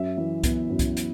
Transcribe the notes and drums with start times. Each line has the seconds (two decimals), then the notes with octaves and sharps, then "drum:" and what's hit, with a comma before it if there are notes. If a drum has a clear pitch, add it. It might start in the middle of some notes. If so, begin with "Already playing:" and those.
Already playing: F#2 E5
0.17 E3
0.44 B3, drum: kick C2, hi-hat
0.70 F#2
0.79 drum: kick C2, hi-hat
0.97 drum: hi-hat